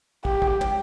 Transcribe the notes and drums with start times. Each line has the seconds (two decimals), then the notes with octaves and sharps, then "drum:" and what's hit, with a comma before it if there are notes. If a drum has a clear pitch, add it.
0.25 G4, drum: kick
0.42 drum: kick
0.61 drum: tom